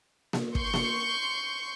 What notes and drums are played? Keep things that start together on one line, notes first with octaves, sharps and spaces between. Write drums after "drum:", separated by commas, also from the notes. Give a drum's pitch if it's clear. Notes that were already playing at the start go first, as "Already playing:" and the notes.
drum: snare A#3
C6 C#6 G6, drum: kick
drum: snare A#3